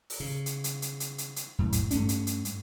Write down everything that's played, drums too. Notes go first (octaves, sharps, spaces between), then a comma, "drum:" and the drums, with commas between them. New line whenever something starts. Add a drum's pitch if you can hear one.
drum: open hi-hat
C#3
drum: hi-hat
drum: hi-hat
drum: hi-hat
drum: hi-hat
drum: hi-hat
drum: hi-hat
F#2 A2
drum: kick, hi-hat
G2 A3 C#4 D4, drum: hi-hat
drum: hi-hat
drum: hi-hat
drum: hi-hat